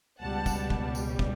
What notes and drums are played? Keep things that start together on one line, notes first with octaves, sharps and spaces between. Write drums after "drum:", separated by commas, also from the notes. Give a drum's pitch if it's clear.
C#2 B2 G3 F#5 A5
drum: kick, tambourine
drum: kick
drum: tambourine
drum: kick